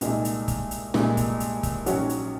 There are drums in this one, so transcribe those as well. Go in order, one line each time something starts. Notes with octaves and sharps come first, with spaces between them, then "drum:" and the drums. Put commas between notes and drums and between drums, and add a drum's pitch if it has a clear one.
C2 A#2 G#3 D#4, drum: hi-hat
drum: hi-hat
drum: kick, hi-hat
drum: hi-hat
C2 A#2 G#3 D#4, drum: snare
drum: kick, hi-hat
drum: hi-hat
drum: kick, hi-hat
A#1 G#2 F#3 C#4 F#4, drum: hi-hat
drum: hi-hat